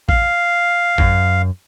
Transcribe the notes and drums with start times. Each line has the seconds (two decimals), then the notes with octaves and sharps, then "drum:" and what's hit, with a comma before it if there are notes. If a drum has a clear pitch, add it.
0.09 F5, drum: kick A1
0.98 F#2, drum: kick A1